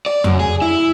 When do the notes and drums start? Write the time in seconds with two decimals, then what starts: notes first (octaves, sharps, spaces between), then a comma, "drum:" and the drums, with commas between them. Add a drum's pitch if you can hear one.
0.06 D5
0.24 F#2, drum: tom F2
0.39 G#4
0.62 E4